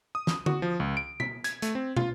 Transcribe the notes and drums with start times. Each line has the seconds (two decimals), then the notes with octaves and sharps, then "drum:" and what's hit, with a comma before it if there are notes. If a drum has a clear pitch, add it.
0.15 D#6
0.27 drum: snare
0.46 F#4, drum: tom D3
0.62 F3
0.80 C#2
0.97 D7
1.20 B6, drum: tom B2
1.44 G#6, drum: hi-hat
1.62 A3, drum: hi-hat
1.75 C4
1.97 F4, drum: tom